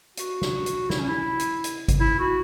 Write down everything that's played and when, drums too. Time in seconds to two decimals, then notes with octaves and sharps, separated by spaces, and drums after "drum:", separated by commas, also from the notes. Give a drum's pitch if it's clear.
0.17 F#4, drum: hi-hat
0.42 drum: snare
0.66 drum: hi-hat
0.90 E4, drum: snare
0.99 C#4
1.08 E4
1.39 drum: hi-hat
1.64 drum: hi-hat
1.88 drum: kick G#1, hi-hat
2.00 E4
2.19 F#4